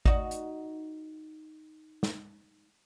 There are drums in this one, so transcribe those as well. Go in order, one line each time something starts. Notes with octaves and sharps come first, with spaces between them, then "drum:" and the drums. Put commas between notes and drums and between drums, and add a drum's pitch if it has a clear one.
D#4 F#4, drum: kick G#1
drum: hi-hat
drum: snare